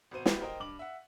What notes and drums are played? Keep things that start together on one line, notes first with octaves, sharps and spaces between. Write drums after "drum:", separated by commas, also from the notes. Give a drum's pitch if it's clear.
G#1 B2 C5 D#7
E4 F#4 G4 B4 C5, drum: snare
A#4 C5 D#5 G5
G2 D6 F#7
E5 F#5